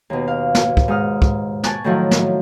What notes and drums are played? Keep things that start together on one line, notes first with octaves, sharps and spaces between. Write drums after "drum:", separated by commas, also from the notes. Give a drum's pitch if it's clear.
D#2 B2
F5
drum: snare
drum: kick
G#2 G#3 D#6 F6
drum: kick
G#5 A5 C#6 D6 F#6, drum: snare
A2 D#3 F3 F#3 E4 F4
drum: snare